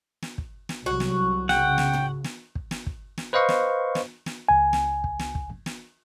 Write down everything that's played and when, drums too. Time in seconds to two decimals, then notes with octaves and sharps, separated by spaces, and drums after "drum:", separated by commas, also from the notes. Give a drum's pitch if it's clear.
0.22 drum: snare
0.38 drum: kick
0.69 drum: snare
0.86 C2 F#3 F#4
1.00 drum: snare
1.49 C#3 F#5 G5, drum: snare
1.78 drum: snare
1.93 drum: tom
2.24 drum: snare
2.55 drum: kick
2.71 drum: snare
2.86 drum: kick
3.18 drum: snare
3.33 B4 C5 D#5 F5 C#6
3.49 drum: snare
3.95 drum: snare
4.26 drum: snare
4.49 C#2 G#5
4.73 drum: snare
5.04 drum: kick
5.19 drum: snare
5.35 drum: kick
5.66 drum: snare